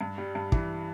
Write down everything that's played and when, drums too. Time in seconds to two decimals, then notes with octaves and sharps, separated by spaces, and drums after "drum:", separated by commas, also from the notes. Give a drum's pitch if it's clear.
0.01 G2
0.18 G3
0.35 G2
0.52 E3, drum: kick